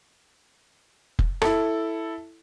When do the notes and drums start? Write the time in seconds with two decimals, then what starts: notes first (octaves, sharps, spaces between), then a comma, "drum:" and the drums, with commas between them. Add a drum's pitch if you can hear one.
1.19 drum: kick F1
1.42 E4 A4, drum: rim click